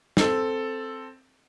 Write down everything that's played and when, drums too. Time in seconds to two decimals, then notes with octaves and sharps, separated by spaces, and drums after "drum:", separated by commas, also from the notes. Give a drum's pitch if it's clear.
0.17 C4 A4, drum: snare